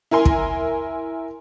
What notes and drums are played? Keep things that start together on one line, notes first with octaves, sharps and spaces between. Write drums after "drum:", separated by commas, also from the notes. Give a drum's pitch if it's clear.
E4 A#4 G#5 C6
drum: kick